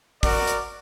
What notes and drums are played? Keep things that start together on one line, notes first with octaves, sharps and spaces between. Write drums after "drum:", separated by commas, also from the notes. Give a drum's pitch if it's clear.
F#4 A#4 D5, drum: kick, open hi-hat
drum: hi-hat